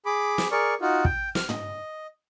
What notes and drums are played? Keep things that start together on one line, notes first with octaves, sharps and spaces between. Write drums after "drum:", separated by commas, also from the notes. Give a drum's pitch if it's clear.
G#4 B5 D6
drum: snare
G#4 A#4 D5 C#6
D#4 F4 F#4
G5, drum: kick
F6, drum: snare
D#5, drum: tom